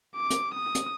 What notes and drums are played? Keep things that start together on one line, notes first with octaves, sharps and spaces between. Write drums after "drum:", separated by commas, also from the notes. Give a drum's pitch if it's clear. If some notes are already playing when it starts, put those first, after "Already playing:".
D6
drum: hi-hat
D#6
drum: hi-hat